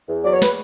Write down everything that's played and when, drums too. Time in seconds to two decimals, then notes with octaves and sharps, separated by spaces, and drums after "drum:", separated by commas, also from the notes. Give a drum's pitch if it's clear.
0.09 E2
0.24 F#3 D5
0.33 C#5
0.42 B4, drum: snare